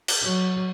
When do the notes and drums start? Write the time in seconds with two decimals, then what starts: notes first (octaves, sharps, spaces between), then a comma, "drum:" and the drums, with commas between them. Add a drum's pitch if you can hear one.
0.08 drum: cymbal
0.23 F#3